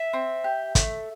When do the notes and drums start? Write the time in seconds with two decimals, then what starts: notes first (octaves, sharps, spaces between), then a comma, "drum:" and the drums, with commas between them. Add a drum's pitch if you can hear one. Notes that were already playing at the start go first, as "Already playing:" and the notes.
Already playing: E5
0.13 C4
0.44 G4
0.75 A3, drum: kick, hi-hat